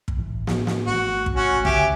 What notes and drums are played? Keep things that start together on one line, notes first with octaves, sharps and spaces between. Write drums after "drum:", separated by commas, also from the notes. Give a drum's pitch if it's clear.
drum: kick
A2 E3
drum: snare
drum: snare
G#1 A3 F#4
drum: kick
C#4 F#4
D2 C#3 C#4 G4 E5 G#5, drum: kick